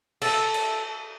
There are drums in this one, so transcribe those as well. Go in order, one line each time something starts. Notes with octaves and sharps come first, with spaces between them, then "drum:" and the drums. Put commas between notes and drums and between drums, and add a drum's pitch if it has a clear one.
A4, drum: cymbal
drum: cymbal